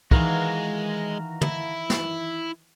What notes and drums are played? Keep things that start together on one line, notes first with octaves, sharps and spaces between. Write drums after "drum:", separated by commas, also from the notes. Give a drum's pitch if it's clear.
D#3 E3 G#3 F#4 A#4 F5, drum: kick
E4, drum: tom
drum: snare